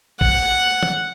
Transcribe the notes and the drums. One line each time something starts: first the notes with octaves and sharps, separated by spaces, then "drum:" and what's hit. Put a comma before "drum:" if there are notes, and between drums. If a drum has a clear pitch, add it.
F#5, drum: kick
drum: tom